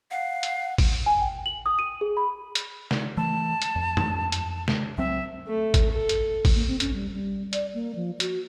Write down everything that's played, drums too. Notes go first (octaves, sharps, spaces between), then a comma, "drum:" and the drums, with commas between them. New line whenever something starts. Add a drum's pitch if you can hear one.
F5 F#5
drum: hi-hat
drum: kick G#1, open hi-hat
G#5
G5
F#7
D#6
D#7
G#4
B5
drum: hi-hat
drum: snare
E3 A3 A5
drum: hi-hat
F2
drum: tom
drum: hi-hat
drum: snare
C2 F#3 C4 E5
A3
drum: kick G#1, hi-hat
A4
drum: hi-hat
drum: kick G#1, open hi-hat
A#3
C4
C#4, drum: hi-hat
G3
G3
D5, drum: hi-hat
A#3
F3
F#4, drum: hi-hat